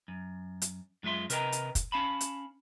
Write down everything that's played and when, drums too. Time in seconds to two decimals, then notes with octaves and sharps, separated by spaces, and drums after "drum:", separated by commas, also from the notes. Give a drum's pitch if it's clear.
0.08 F#2
0.62 drum: hi-hat
1.03 F#2 G#3 F4 E5 C6
1.30 C3 A#4 B4 D#5 G5 A#5, drum: hi-hat
1.52 drum: hi-hat
1.75 drum: kick, hi-hat
1.92 C#4 F5 A5 B5
2.21 drum: hi-hat